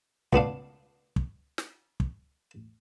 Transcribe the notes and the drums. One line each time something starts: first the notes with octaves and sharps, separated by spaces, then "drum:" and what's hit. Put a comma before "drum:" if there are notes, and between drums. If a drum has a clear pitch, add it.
C#2 B3 D4 F5, drum: kick
drum: kick
drum: snare
drum: kick